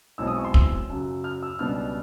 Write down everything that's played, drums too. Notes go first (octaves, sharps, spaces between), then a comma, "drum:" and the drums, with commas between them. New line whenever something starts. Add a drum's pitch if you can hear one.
B1 B2 G#3 C4 E4 E6
D#6
C#6
C6
E6, drum: kick
F#2 C#3 F#3
F6
E6
C#2 B2 G3 B3 D4 F6